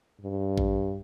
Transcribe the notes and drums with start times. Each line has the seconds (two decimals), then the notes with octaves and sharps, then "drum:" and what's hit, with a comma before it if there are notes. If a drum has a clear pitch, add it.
0.22 G2
0.58 drum: kick A1